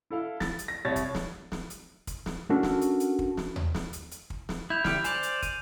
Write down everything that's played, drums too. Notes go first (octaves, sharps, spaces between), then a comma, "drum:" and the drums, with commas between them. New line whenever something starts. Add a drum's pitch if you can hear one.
E4 A4 F5
A6, drum: snare
drum: hi-hat
A#6
C2 C#5 A6
drum: kick, hi-hat
drum: snare
drum: snare
drum: hi-hat
drum: kick, hi-hat
drum: snare
C#4 D4 F#4 A4 A#4
drum: snare
drum: hi-hat
drum: hi-hat
drum: kick
drum: snare
drum: tom D#2
drum: snare
drum: hi-hat
drum: hi-hat
drum: kick
drum: snare
E4 G6 F7
D3 E4 G4 F6, drum: snare
C5 D5 G#5 G6 F7, drum: hi-hat
drum: hi-hat
D#7, drum: kick, hi-hat